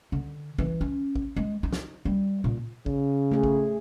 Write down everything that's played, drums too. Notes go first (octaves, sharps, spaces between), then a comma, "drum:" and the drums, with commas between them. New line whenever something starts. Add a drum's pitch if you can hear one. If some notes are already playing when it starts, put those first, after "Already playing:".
D3
E3, drum: kick A1
C#4
drum: kick A1
G#3
D#4
drum: snare
G3
A#2
C#3, drum: kick A1
A3 G#4
drum: kick A1